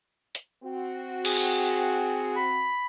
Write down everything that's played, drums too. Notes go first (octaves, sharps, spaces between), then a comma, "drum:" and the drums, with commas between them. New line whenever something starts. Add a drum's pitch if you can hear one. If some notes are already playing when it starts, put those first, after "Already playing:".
drum: hi-hat
C4 F#4
G#4, drum: cymbal
B5